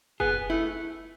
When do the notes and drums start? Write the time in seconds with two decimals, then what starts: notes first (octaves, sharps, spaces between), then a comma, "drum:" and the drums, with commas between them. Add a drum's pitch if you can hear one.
0.20 B3 G#4, drum: kick
0.50 A3 E4